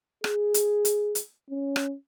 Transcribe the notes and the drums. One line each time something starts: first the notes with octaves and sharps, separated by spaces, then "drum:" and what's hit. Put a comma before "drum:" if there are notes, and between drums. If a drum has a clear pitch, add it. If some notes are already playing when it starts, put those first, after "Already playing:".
G#4, drum: rim click
drum: hi-hat
drum: hi-hat
drum: hi-hat
C#4
drum: rim click